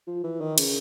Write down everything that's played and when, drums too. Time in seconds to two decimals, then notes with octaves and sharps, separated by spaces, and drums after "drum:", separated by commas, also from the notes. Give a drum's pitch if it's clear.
0.07 F3
0.24 E3
0.41 D#3
0.58 C#3, drum: cymbal